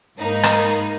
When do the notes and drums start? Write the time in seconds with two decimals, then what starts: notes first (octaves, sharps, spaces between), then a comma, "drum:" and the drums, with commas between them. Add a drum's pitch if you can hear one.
0.19 G#2 A#3 D#4 A#4 B5
0.43 drum: rim click